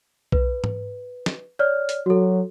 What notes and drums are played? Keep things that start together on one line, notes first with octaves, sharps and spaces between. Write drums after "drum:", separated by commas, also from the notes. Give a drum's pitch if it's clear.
B4, drum: kick B1
drum: tom G#2
drum: snare
C#5 D5 F6
drum: hi-hat
F#3 F#4 A4